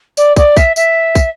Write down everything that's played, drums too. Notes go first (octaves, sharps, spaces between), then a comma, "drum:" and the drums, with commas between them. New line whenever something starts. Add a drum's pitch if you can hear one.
D5, drum: tambourine
D5, drum: kick, tambourine
E5, drum: kick, tambourine
E5, drum: tambourine
drum: kick, tambourine